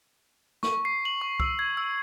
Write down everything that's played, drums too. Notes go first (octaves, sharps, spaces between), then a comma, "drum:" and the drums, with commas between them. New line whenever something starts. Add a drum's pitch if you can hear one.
C#6, drum: snare
C7
F#7
C#6
E6, drum: kick
G#6
E6